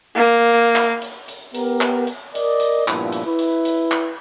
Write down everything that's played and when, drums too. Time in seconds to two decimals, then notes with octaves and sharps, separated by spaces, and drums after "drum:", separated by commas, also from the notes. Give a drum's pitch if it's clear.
0.15 A#3
0.76 drum: clap
1.02 drum: hi-hat
1.28 drum: hi-hat
1.55 B3 G4 A#4, drum: hi-hat
1.81 drum: clap
2.07 drum: hi-hat
2.35 A#4 D5 D#5, drum: hi-hat
2.60 drum: hi-hat
2.88 G2 A#2 F3 B3 E4, drum: clap
3.13 drum: hi-hat
3.26 E4 B4
3.39 drum: hi-hat
3.65 drum: hi-hat
3.91 drum: clap